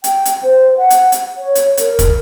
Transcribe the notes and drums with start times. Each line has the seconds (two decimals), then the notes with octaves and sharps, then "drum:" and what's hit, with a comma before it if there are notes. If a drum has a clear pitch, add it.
0.04 G5, drum: hi-hat
0.25 drum: hi-hat
0.43 C5
0.77 F#5
0.90 drum: hi-hat
1.12 drum: hi-hat
1.37 C#5
1.55 drum: hi-hat
1.77 A#4, drum: hi-hat
1.99 drum: kick, hi-hat